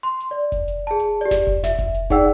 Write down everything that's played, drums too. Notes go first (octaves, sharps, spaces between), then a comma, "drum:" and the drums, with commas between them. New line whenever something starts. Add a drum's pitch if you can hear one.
C6
drum: hi-hat
D5
drum: kick F1, hi-hat
drum: hi-hat
G#4 A5
drum: hi-hat
G4 D5
drum: snare F1
drum: kick F1
E5, drum: snare F1
drum: kick F1, hi-hat
drum: hi-hat
D#4 G#4 D5 F#5 G5 E6, drum: kick F1, hi-hat